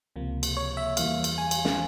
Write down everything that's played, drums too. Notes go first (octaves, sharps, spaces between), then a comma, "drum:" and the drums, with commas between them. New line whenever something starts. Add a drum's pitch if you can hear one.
C#2 C3 F3 A#3
drum: cymbal
C#5
E5
E2 E3 G3 A#3 F5, drum: cymbal
drum: cymbal
G#5
drum: cymbal
drum: snare